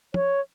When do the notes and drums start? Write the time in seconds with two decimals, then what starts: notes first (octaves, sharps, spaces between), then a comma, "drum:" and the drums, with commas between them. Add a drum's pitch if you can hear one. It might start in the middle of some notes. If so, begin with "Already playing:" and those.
0.14 C#5, drum: tom